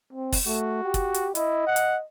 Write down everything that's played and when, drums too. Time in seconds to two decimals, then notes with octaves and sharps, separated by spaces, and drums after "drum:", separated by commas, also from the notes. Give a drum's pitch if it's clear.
0.13 C4
0.32 drum: kick, open hi-hat
0.47 A3 F#4
0.84 G4
0.94 drum: kick, hi-hat
1.14 drum: hi-hat
1.35 E4 D#5, drum: hi-hat
1.67 F#5
1.76 drum: hi-hat